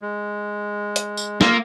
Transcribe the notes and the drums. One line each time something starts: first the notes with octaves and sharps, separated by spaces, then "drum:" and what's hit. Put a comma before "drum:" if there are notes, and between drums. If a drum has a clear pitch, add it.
G#3
drum: hi-hat
drum: tambourine
A#3 F4 E6, drum: snare